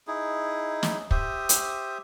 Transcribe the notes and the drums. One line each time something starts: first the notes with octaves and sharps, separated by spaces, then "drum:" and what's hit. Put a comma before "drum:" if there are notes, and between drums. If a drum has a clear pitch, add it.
D#4 E4 G#4
drum: snare
G4 C5 E5 D#6, drum: kick
drum: hi-hat